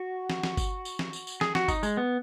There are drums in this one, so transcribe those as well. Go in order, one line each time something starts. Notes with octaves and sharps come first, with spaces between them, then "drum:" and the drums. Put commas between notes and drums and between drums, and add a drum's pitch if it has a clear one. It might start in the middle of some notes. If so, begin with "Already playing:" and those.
Already playing: F#4
drum: snare
drum: snare
drum: kick G1, tambourine
drum: tambourine
drum: snare
drum: tambourine
drum: tambourine
G#4, drum: snare
F#4, drum: snare
D#4, drum: kick G1, tambourine
G#3, drum: tambourine
B3